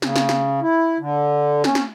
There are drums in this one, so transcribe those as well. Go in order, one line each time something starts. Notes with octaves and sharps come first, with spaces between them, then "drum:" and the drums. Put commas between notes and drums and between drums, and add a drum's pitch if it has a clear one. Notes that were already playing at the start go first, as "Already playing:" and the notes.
C#3, drum: snare
drum: snare
drum: snare
E4
D3
C#4, drum: snare
drum: snare